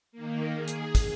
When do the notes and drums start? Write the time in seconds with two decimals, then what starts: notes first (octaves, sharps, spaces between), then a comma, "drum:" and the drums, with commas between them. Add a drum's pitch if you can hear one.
0.12 D#3 A#3
0.54 G#4
0.68 drum: hi-hat
0.95 drum: kick, hi-hat